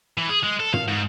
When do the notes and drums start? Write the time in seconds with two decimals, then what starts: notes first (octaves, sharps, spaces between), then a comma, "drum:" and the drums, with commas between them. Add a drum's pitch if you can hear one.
0.17 E3
0.29 G#4
0.44 G#3
0.60 A4
0.74 F5, drum: tom
0.88 G#2